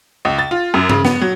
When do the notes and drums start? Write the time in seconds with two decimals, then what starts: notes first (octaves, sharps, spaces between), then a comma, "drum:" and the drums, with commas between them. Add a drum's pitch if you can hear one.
0.25 C#2
0.39 A6
0.51 F4
0.74 F#2
0.90 C#3, drum: tom G2
1.05 B3, drum: snare
1.21 F#3